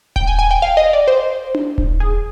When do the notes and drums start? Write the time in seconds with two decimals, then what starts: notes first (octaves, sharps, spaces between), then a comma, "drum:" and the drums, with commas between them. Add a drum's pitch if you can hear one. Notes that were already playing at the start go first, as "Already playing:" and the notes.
0.16 G5, drum: kick D#1
0.27 G#5
0.39 G#5
0.51 G5
0.62 F5
0.77 D#5
0.93 D5
1.08 C5
1.55 drum: tom D4
1.78 drum: kick D#1
2.00 G#4